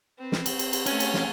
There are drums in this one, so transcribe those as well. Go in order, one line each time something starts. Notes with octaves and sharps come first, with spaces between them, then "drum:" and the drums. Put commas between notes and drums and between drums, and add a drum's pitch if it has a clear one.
C4 B4
drum: snare
drum: cymbal
drum: cymbal
drum: cymbal
A3 C#4 G#5, drum: cymbal
drum: cymbal
drum: snare